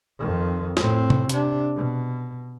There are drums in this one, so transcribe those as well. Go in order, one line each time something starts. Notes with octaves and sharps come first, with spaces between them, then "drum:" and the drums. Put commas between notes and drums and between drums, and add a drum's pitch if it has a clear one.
F2 D#3
A2 C4, drum: snare
drum: tom C3
C3 D4, drum: hi-hat
B2